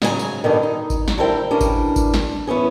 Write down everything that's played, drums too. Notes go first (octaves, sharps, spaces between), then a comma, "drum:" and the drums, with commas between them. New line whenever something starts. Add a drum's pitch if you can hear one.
G#2 C#3 F#3 G#4 G#5 A#5, drum: snare
drum: tambourine
G2 B2 D3 D#3
D#4
drum: kick G#1, tambourine
drum: snare
D3 G3 C4 E4 A#4 G5
D3 E3 G3 C#4 D4 A#4
drum: kick G#1, tambourine
drum: kick G#1, tambourine
drum: snare
E3 B3 C#4 G#4